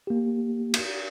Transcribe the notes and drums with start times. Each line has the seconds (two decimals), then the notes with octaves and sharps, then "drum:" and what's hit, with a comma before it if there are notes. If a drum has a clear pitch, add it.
0.07 A#3 G4
0.74 drum: cymbal